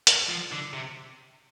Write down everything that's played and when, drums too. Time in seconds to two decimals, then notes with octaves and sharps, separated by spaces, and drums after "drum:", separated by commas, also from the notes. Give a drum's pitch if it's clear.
0.07 drum: hi-hat
0.29 F3
0.52 D3
0.73 C3